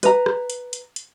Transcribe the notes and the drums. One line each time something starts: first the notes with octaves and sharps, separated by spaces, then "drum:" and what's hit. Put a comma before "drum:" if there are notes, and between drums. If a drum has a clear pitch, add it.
B4 A#5, drum: hi-hat
drum: rim click
drum: hi-hat
drum: hi-hat
drum: hi-hat